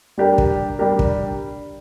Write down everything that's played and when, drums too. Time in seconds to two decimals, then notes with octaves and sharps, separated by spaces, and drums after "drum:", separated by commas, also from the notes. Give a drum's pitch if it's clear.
0.18 G3 D4 G4 A#4
0.38 drum: kick
0.79 G3 D4 G4 A#4
0.99 drum: kick